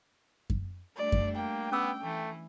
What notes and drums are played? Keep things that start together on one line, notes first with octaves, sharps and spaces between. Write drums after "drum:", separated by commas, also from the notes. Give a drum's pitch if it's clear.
drum: kick F#2
G3 A3 D4 D5
drum: kick F#2
A#3 G5
B3 C#4 D6 E6
E3 A3